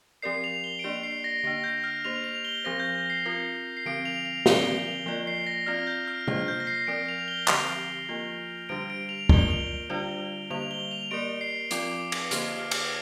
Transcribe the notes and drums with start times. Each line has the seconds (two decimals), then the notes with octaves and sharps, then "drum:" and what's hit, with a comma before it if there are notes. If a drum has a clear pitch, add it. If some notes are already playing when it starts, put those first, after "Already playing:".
0.22 F3 C4 G4 A#4 D5 C7
0.44 F7
0.64 G7
0.79 D7
0.83 A#3 D4 G4 D5 F7
1.03 C7
1.24 A#6
1.44 D3 A#3 D4 A#6
1.64 G6
1.84 F6
2.05 A#3 G4 C5 F7
2.24 F7
2.45 G7
2.64 F3 C4 G4 C5 A#6
2.80 G6
2.94 A#6
3.10 C7
3.25 C4 F4 A#4
3.77 C7
3.86 D3 F3 C4 D7
4.05 F7
4.25 F7
4.46 D3 F3 C4 A#4 D5 G7, drum: snare
4.77 F7
5.06 F3 A#3 F4 D5
5.27 C7
5.47 A#6
5.67 C4 F4 D5 F6
5.87 G6
6.08 F6
6.28 A#3 F4 C5 F6, drum: tom C3
6.48 G6
6.60 A#6
6.67 C7
6.87 F3 C4 A#4 D5 D7
7.08 F7
7.28 G7
7.48 D3 F3 C4 G4 F7, drum: clap
8.09 F3 A#3 F4
8.69 D3 G3 D4 G4 D7
8.90 D7
9.09 F7
9.29 A#3 F4 A#4 D5 G7, drum: kick
9.39 F7
9.48 G7
9.90 D3 G3 D4 F4 D5
10.50 D3 G3 A#3 F7
10.71 G7
10.91 F7
11.11 A#3 G4 A#4 D5 D7
11.41 C7
11.71 F3 C4 F4 D5 D6, drum: hi-hat
11.91 D6
12.12 D6, drum: cymbal
12.31 D3 A#3 G4 C5 F6, drum: hi-hat
12.52 F6
12.71 D6, drum: cymbal